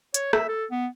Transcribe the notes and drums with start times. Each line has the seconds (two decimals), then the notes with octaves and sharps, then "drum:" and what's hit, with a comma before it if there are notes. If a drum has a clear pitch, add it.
0.14 C#5, drum: hi-hat
0.33 E5, drum: rim click
0.48 A4
0.71 B3